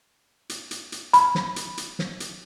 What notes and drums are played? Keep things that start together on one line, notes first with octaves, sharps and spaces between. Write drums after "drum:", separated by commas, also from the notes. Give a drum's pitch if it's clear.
drum: hi-hat
drum: hi-hat
drum: hi-hat
B5, drum: hi-hat
drum: snare
drum: hi-hat
drum: hi-hat
drum: snare
drum: hi-hat